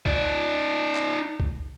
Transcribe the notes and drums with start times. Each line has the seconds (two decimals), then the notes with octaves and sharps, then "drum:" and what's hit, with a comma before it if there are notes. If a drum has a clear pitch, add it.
0.06 D#4 D5, drum: kick C#2
0.95 drum: clap
1.40 drum: kick C#2